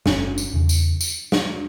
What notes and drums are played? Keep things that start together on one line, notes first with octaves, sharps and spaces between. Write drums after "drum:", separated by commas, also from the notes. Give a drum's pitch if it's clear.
F#1 C#4, drum: snare
drum: tambourine
E2 C#3
drum: tambourine
drum: tambourine
drum: snare